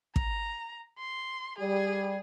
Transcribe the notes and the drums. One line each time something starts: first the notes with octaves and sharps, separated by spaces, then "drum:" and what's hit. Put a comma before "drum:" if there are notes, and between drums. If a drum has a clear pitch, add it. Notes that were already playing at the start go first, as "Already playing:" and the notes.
A#5, drum: kick
C6
G3 G#4